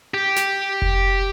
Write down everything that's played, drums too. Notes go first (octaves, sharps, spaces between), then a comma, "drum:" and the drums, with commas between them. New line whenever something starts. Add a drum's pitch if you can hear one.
G4
drum: snare
drum: kick F1